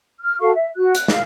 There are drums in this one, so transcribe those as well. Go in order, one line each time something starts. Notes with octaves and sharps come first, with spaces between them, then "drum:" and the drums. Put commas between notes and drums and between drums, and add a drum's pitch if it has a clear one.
F6
F#4 A4 F5 C#6
E5
F#4 F#6
F#6, drum: hi-hat
F5, drum: snare